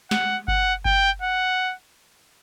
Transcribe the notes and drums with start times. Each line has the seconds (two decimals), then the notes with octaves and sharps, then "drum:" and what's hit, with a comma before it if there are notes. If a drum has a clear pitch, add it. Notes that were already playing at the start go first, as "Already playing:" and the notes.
0.11 F#5, drum: snare
0.48 F#5, drum: kick G1
0.85 G5, drum: kick G1
1.22 F#5